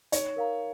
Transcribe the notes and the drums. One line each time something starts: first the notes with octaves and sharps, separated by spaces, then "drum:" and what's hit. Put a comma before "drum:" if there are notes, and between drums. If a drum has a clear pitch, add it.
D#4 C#5, drum: hi-hat
A#4 F5 A#5